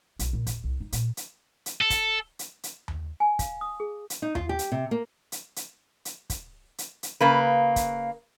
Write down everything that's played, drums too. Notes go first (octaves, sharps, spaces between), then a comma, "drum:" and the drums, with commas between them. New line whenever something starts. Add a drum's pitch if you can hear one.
B1, drum: hi-hat
A#2
D#2, drum: kick, hi-hat
C2
D#4
A#2, drum: hi-hat
drum: hi-hat
drum: hi-hat
A4
drum: kick, hi-hat
drum: hi-hat
drum: hi-hat
drum: tom D#2
G#5
F5, drum: kick, hi-hat
D#6
G#4
drum: hi-hat
D#4
F4, drum: tom D#2
G4
drum: hi-hat
C3
A#3
drum: hi-hat
drum: hi-hat
drum: hi-hat
drum: kick, hi-hat
drum: hi-hat
drum: hi-hat
C#3 A#3 B4
drum: kick, hi-hat